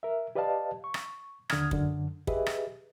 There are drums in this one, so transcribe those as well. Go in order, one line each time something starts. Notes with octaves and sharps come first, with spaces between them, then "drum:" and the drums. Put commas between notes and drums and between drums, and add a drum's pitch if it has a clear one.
A#4 E5
G4 B4 D5 D#5 F5 A5
C#6
drum: rim click
D#2 D3 D#6 F6 G#6, drum: rim click
F#2 D3, drum: kick
G4 G#4 B4 D#5 E5, drum: kick
drum: rim click